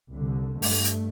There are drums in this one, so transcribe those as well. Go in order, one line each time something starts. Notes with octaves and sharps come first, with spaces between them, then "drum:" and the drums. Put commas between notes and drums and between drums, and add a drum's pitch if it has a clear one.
C2 D3
G2 A3, drum: open hi-hat
drum: hi-hat